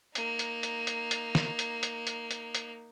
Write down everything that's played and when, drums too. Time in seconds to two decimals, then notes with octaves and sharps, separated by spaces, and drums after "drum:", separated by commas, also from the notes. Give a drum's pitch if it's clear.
0.15 A#3 D#4, drum: hi-hat
0.39 drum: hi-hat
0.63 drum: hi-hat
0.87 drum: hi-hat
1.11 drum: hi-hat
1.35 drum: snare
1.59 drum: hi-hat
1.83 drum: hi-hat
2.07 drum: hi-hat
2.31 drum: hi-hat
2.55 drum: hi-hat